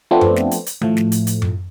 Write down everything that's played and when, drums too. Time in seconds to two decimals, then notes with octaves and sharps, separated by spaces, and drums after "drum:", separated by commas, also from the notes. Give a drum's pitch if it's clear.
0.11 F3 A3 B3 C4 D4
0.21 drum: tom F#2
0.36 drum: snare
0.51 drum: hi-hat
0.66 drum: hi-hat
0.82 A2 F3 A3, drum: tom D#3
0.97 drum: snare
1.12 drum: hi-hat
1.27 drum: hi-hat
1.42 drum: tom F#2